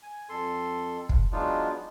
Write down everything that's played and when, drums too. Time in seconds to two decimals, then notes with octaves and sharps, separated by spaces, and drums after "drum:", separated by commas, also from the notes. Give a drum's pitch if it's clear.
0.03 G#5
0.29 F2 A4 C6
1.09 drum: kick
1.32 F#3 G#3 B3 D4 D#4 F4